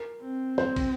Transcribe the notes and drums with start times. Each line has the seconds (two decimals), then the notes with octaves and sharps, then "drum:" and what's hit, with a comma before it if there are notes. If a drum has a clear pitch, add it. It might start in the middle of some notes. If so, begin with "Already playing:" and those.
Already playing: A#4
0.21 C4
0.58 C5, drum: snare
0.76 drum: kick, cymbal